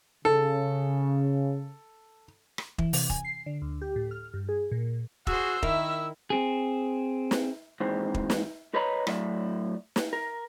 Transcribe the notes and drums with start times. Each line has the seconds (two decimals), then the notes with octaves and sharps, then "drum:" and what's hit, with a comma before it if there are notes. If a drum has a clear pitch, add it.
0.25 C#3 A4
2.58 drum: rim click
2.78 E3, drum: kick
2.93 C3, drum: open hi-hat
3.10 G#5, drum: kick
3.24 C7
3.46 D3
3.62 D2
3.81 G4
3.96 A2
4.11 F6
4.34 G2
4.49 G#4
4.71 A#2
5.27 F#4 G#4 C5 E6, drum: kick
5.63 D#3 E4 A#4 E5, drum: kick
6.30 C4 G#4
7.31 drum: snare
7.80 D#2 G#2 E3 G#3 C4 C5
8.14 drum: kick
8.30 drum: snare
8.74 A#4 B4 C#5 D#5 A#5 B5
9.07 A2 F#3 D5 E5, drum: rim click
9.96 drum: snare
10.13 A#4